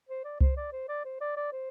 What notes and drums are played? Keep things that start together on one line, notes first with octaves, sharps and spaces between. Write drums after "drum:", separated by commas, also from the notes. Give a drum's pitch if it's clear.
C5
D5
C5, drum: kick C2
D5
C5
D5
C5
D5
D5
C5